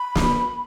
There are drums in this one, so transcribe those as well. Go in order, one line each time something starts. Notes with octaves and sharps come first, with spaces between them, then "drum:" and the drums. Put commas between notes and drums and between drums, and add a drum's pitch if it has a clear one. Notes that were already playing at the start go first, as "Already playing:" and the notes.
Already playing: B5
drum: snare